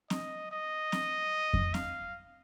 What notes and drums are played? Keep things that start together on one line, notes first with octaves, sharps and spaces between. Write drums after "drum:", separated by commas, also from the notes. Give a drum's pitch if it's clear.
D#5, drum: snare C4
D#5
drum: snare C4
drum: kick F2
F5, drum: snare C4